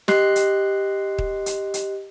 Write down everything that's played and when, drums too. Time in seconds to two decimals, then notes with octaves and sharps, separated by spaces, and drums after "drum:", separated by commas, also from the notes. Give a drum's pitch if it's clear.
0.08 G4 D#5 C6 F#6 C7, drum: snare
0.36 drum: hi-hat
1.18 drum: kick
1.46 drum: hi-hat
1.74 drum: hi-hat